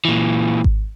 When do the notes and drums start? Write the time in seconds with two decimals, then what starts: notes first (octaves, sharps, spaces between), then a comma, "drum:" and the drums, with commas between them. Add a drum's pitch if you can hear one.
0.05 A#2 E3
0.64 drum: kick G#1